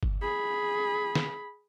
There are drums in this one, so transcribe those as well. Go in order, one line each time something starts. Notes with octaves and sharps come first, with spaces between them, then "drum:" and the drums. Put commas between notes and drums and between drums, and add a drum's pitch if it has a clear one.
drum: kick G1
G#4 B5
drum: snare